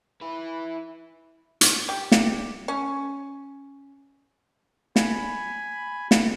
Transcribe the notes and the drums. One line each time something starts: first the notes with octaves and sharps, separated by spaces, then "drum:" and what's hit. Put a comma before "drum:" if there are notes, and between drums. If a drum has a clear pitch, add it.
E4 B4
drum: hi-hat
G4
drum: snare
C#4
G#5 B5, drum: snare
drum: snare